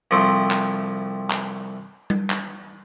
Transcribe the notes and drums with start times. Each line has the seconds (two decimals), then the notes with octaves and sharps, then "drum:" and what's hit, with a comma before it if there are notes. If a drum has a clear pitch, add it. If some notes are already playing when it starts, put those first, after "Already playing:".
0.11 C2 F3 A3 C4 C5 C#6
0.51 drum: clap
1.30 drum: clap
2.10 drum: tom G3
2.30 drum: clap